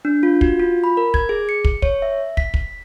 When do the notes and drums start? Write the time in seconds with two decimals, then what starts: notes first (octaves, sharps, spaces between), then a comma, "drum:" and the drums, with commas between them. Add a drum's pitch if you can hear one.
0.05 D4
0.23 F4
0.41 F#4, drum: kick
0.60 F4
0.84 B5
0.97 A#4
1.14 G#6, drum: kick
1.29 G#4
1.49 C#7
1.65 drum: kick
1.82 C#5, drum: kick
2.02 E5
2.37 B6, drum: kick
2.54 drum: kick